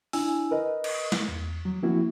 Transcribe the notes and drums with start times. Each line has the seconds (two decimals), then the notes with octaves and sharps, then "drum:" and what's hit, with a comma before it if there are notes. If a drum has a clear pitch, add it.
0.13 D4 E4 G#5 E6, drum: open hi-hat
0.51 A#4 B4 D#5
0.84 drum: cymbal
1.12 drum: snare
1.28 E2
1.65 F#3
1.83 F3 A#3 C4 E4 F#4